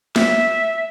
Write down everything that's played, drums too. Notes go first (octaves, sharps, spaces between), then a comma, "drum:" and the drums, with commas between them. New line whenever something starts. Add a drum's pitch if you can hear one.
E5, drum: snare